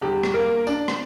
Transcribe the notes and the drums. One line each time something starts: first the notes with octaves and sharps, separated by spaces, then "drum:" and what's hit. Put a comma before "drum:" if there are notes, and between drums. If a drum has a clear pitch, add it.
E2 D3 G3 G4
drum: rim click
A#3 A#4
D4 D5, drum: tambourine
drum: rim click